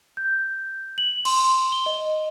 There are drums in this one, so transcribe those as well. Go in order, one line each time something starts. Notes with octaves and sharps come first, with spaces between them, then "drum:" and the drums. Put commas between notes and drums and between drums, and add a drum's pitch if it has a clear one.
G6
F#7
C6, drum: cymbal
G7
D#5